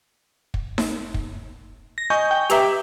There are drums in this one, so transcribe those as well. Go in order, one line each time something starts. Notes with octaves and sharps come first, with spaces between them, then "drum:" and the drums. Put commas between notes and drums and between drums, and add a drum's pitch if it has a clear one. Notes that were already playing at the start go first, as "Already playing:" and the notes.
drum: kick
drum: snare D#4
drum: kick
A#6
D#5 G#5 C#6 G6
G5
G4 B4 E5 A#5 D6 E6, drum: hi-hat